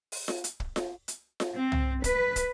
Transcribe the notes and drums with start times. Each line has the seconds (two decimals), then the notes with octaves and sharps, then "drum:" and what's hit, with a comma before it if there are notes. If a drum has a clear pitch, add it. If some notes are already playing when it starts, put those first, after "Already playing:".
0.12 drum: open hi-hat
0.28 drum: snare F4
0.44 drum: hi-hat
0.60 drum: kick
0.76 drum: snare F4
1.08 drum: hi-hat
1.40 drum: snare F4
1.55 C4
1.72 drum: tom C2
2.04 B4, drum: kick, hi-hat
2.36 drum: kick, hi-hat